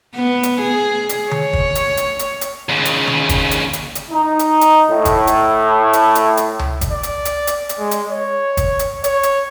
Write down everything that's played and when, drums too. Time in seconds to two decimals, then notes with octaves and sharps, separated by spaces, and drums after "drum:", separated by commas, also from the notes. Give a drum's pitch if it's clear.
0.15 B3
0.43 drum: hi-hat
0.61 G#4
1.09 drum: hi-hat
1.31 C#5, drum: tom D3
1.53 drum: kick
1.75 drum: hi-hat
1.97 drum: hi-hat
2.19 drum: hi-hat
2.41 drum: hi-hat
2.69 D#2 C#3
2.85 drum: hi-hat
3.07 drum: tom D3
3.29 drum: kick, hi-hat
3.51 drum: hi-hat
3.73 drum: hi-hat
3.95 drum: hi-hat
4.11 D#4
4.39 drum: hi-hat
4.61 drum: hi-hat
4.90 A2
5.05 drum: kick, hi-hat
5.27 drum: hi-hat
5.93 drum: hi-hat
6.15 drum: hi-hat
6.37 drum: hi-hat
6.59 drum: tom C#2
6.81 drum: kick, hi-hat
6.92 D5
7.03 drum: hi-hat
7.25 drum: hi-hat
7.47 drum: hi-hat
7.69 drum: hi-hat
7.78 G#3
7.91 drum: hi-hat
8.10 C#5
8.57 drum: kick, hi-hat
8.79 drum: hi-hat
9.04 C#5, drum: hi-hat
9.23 drum: hi-hat